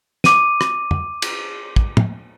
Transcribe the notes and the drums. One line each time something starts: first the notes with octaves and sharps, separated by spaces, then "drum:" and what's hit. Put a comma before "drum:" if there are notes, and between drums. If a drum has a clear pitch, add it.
D6 D#7, drum: snare
drum: rim click
drum: tom
drum: cymbal
drum: kick
drum: tom